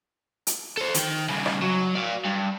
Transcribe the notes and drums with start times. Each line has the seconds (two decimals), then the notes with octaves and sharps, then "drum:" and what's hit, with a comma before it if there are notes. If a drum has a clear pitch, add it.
0.47 drum: hi-hat
0.77 A4 C5
0.94 D#3 G5, drum: hi-hat
1.29 C#3 G3
1.46 drum: rim click
1.62 F#3
1.95 D5 F5
2.25 G2